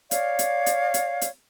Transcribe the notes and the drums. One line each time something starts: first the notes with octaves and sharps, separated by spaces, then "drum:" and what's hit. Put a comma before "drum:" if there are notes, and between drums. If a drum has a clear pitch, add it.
C#5 D5 F5, drum: hi-hat
drum: hi-hat
drum: hi-hat
drum: hi-hat
drum: hi-hat